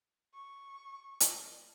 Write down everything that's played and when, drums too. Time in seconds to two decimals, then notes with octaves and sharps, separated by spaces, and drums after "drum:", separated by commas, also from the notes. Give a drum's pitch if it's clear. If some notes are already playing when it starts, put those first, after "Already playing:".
0.35 C#6
1.20 drum: hi-hat